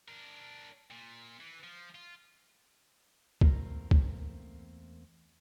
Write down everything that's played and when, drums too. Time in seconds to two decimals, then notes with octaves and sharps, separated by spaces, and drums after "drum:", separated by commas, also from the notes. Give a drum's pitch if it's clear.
0.08 D4 A#4
0.91 A#2
1.40 E3
1.63 F3
1.95 F4
3.41 E2 A3 A#3 C4 F4 A#4, drum: kick C#2
3.91 drum: kick C#2